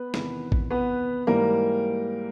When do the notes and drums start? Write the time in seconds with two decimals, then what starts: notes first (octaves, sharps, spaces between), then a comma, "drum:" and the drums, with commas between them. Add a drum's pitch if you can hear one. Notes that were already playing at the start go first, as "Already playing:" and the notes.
Already playing: B3 B4
0.14 E2 C3 D#3, drum: snare
0.52 drum: kick A1
0.71 B3 B4
1.27 G#2 E3 G3 A#3 A#4